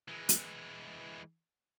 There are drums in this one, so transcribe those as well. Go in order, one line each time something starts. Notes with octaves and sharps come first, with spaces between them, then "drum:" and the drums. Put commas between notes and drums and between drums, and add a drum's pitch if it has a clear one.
E3 G#3
drum: hi-hat